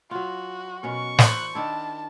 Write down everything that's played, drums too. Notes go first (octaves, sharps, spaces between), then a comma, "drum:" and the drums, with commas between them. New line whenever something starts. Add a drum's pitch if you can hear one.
F#3 F4 F#4
B2 C#4 A#4 C#6
E4 C5 D5 F#6, drum: snare
D#3 D4 E4 A5